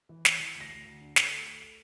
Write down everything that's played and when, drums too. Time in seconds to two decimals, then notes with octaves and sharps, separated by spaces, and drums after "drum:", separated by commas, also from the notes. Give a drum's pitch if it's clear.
0.09 E3
0.25 E3, drum: snare
0.40 E3
0.55 D2
0.61 A#6
0.70 D2 C7
0.85 D2
1.01 D3
1.16 A3, drum: snare
1.31 D2
1.46 A3
1.62 D7